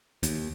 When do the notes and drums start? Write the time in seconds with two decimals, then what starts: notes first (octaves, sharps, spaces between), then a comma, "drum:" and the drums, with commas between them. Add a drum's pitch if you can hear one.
0.23 D#2, drum: hi-hat